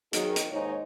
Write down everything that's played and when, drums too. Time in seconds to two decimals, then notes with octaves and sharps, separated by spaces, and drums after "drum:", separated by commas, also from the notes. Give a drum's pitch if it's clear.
0.13 D#3 F#3 G#4, drum: hi-hat
0.36 drum: hi-hat
0.51 D#2 G#2 D#4 C#5